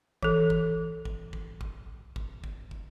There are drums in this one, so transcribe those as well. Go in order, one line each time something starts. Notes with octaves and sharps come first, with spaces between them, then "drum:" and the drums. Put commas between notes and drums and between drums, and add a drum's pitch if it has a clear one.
E3 A4, drum: kick
drum: kick
drum: kick
drum: kick
drum: kick
drum: kick
drum: kick
drum: kick